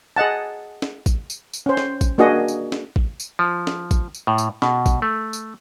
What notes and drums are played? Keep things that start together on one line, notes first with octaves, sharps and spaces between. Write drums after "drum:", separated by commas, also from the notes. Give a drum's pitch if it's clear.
G#4 D#5 F#5 A5
drum: snare
drum: kick, tambourine
drum: tambourine
drum: tambourine
C#4 C5
drum: snare
drum: kick, tambourine
A#3 D4 F#4 G#4 D#5
drum: tambourine
drum: snare
drum: kick
drum: tambourine
F3
drum: snare
drum: kick, tambourine
drum: tambourine
A2
drum: tambourine
B2, drum: snare
drum: kick, tambourine
A3
drum: tambourine